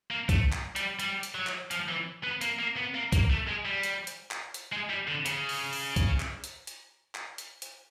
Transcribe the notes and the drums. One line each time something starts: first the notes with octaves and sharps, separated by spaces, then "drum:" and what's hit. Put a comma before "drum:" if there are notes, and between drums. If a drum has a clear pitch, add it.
A#3
A3, drum: kick B1, hi-hat
drum: clap
G3, drum: hi-hat
G3, drum: hi-hat
drum: hi-hat
F#3
drum: clap
F3, drum: hi-hat
E3
B3
A#3, drum: hi-hat
A#3
B3
A#3
A#3, drum: kick B1, hi-hat
A3
G#3
G3
drum: hi-hat
drum: hi-hat
drum: clap
drum: hi-hat
G#3
G3
D3
C#3, drum: hi-hat
drum: open hi-hat
drum: open hi-hat
drum: kick B1, hi-hat
drum: clap
drum: hi-hat
drum: hi-hat
drum: clap
drum: hi-hat
drum: hi-hat